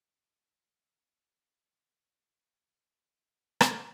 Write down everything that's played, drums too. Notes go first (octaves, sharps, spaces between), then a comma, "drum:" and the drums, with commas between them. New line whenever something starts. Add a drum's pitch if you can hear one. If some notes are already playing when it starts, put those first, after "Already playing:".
A#3 C4 E4 A#4
D#3 B3 A4
D#3
drum: rim click